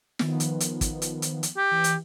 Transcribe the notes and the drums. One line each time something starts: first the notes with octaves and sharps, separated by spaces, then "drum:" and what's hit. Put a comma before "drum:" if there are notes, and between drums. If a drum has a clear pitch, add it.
D#3 F3 B3, drum: snare
drum: hi-hat
drum: hi-hat
drum: kick, hi-hat
drum: hi-hat
drum: hi-hat
drum: hi-hat
G4
E3
drum: hi-hat